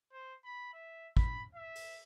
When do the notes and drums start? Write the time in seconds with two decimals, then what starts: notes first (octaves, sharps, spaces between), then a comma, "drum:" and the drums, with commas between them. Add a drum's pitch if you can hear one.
0.13 C5
0.44 B5
0.74 E5
1.17 B5, drum: kick
1.55 E5
1.75 drum: open hi-hat